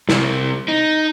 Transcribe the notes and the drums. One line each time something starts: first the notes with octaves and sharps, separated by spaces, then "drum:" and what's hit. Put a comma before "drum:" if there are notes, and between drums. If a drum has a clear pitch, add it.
C2, drum: snare
D#4